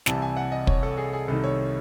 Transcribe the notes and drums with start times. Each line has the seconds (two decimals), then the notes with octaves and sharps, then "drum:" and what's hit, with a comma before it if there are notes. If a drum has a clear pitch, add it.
0.06 C2 C3 E3 A5, drum: snare
0.22 G#5
0.37 F#5
0.52 D#5
0.67 C#5, drum: kick
0.83 A4
0.98 G#4
1.13 G#4
1.28 C2 C3 D#3 A4
1.44 C#5